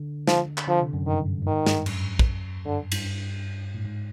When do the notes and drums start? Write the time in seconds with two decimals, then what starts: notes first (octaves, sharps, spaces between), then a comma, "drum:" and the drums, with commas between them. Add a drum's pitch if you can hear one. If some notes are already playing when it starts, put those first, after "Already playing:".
Already playing: D3
0.28 F3, drum: snare
0.58 drum: clap
0.68 D3 F3
0.81 C3
0.93 F#2
1.07 G2 D#3
1.27 G2
1.43 G2
1.46 G#2 D#3
1.66 G2, drum: snare
1.86 F#2, drum: cymbal
2.19 drum: kick
2.65 G2 D3
2.92 G2, drum: cymbal
3.75 A2
3.84 G#2